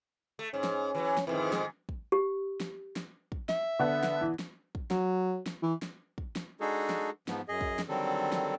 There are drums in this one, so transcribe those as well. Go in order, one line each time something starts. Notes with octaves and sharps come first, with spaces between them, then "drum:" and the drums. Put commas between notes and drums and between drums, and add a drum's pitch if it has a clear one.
A3
G#2 C#4
drum: snare
E3 F#3
drum: snare
F2 G#2 D#3 E3
G#3, drum: snare
drum: kick
G4
drum: snare
drum: snare
drum: kick
E5, drum: snare
D3 B3 F#5
drum: snare
E3
drum: snare
drum: kick
F#3, drum: snare
drum: snare
E3
drum: snare
drum: kick
drum: snare
G#3 D4 D#4 F#4 G#4 A4
drum: snare
G#2 F3 B3, drum: snare
F#2 G#4 D#5
drum: kick
drum: snare
D3 D#3 F#3 G3 C4 A4
drum: snare